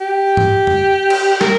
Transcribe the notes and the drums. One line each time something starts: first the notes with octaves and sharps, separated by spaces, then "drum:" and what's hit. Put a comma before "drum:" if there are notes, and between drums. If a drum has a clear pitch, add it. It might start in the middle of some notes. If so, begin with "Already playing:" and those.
G4
drum: tom
drum: tom F2
drum: cymbal
A#4, drum: snare